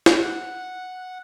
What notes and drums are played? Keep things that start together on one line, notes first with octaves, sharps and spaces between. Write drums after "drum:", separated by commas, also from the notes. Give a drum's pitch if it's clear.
drum: snare
F#5